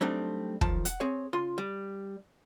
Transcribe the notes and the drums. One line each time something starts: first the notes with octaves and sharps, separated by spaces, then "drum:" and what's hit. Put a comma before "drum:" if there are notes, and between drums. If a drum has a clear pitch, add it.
F#3 G3 A3 C4 D4 D#4
B1 D#3 F3 A5, drum: kick
F#5, drum: hi-hat
C4 G#4 C#5
C#3 F4 C6
G3